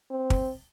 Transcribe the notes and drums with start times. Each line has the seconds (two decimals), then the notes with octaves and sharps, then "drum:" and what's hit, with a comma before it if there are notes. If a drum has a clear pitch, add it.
0.11 C4
0.30 drum: kick